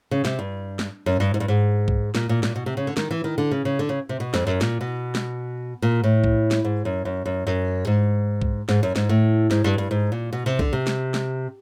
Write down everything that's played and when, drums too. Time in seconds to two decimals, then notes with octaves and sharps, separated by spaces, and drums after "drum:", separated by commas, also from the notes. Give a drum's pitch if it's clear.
0.11 C#3
0.25 C3, drum: snare
0.39 G2
0.79 drum: snare
1.06 F#2
1.20 G2
1.34 G#2
1.40 G2
1.48 G#2
1.88 drum: kick B1
2.15 A#2, drum: snare
2.29 A#2
2.43 A#2, drum: snare
2.56 B2
2.66 C3
2.77 C#3
2.87 D3
2.97 D#3, drum: snare
3.11 E3
3.24 D#3
3.38 D3
3.51 C#3
3.65 C#3
3.79 D3
3.89 C#3
4.09 C3
4.20 B2
4.34 F2, drum: snare
4.47 F#2
4.61 A#2, drum: snare
4.81 B2
5.15 drum: snare
5.82 A#2
6.04 A2
6.24 drum: kick B1
6.51 drum: snare
6.65 G#2
6.85 F#2
7.05 F#2
7.26 F#2
7.47 F#2
7.87 G#2
8.42 drum: kick B1
8.69 G#2, drum: snare
8.83 F#2
8.96 G#2, drum: snare
9.09 A2
9.51 G#2, drum: snare
9.64 G2
9.78 G2
9.91 G#2
10.12 A#2
10.33 B2
10.46 C3
10.59 D3, drum: kick B1
10.73 C3
10.87 drum: snare
11.14 drum: snare